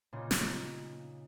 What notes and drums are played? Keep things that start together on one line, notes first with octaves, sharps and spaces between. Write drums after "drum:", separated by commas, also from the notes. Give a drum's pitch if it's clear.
A#2 C#3 D#4
drum: snare